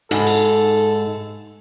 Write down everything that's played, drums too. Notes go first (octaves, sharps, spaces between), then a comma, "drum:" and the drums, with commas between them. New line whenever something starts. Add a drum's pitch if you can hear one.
G#2 D#4 A4 G#5 B5, drum: hi-hat
drum: cymbal